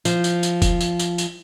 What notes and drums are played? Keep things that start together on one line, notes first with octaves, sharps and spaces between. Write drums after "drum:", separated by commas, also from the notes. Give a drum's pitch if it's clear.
F3, drum: tambourine
drum: tambourine
drum: tambourine
drum: kick F1, tambourine
drum: tambourine
drum: tambourine
drum: tambourine